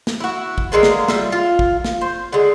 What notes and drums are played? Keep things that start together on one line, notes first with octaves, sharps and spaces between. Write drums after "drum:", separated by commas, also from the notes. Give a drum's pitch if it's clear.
drum: snare
E4 F#4
drum: kick
D3 G#3 A#3 B3
drum: snare
G3 F4 E5, drum: snare
F4
drum: kick
drum: snare
C5
D3 G#3